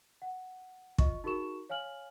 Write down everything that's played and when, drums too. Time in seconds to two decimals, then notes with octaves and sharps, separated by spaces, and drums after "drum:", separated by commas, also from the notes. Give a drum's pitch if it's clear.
0.22 F#5
0.98 F4 D#5 C#6, drum: kick
1.24 D#4 F#4 G#4 A#4 C#6 E7
1.70 C#5 F5 G#5 F6 F#7